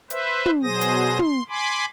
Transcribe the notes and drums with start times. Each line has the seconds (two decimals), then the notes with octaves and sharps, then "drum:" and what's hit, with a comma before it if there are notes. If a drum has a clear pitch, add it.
0.10 B4 C5 E5, drum: hi-hat
0.46 drum: tom
0.63 B2 F#3 G#4 C5 D#6 A#6
0.81 drum: hi-hat
1.19 C6, drum: tom
1.49 G#5 B5 C6 D6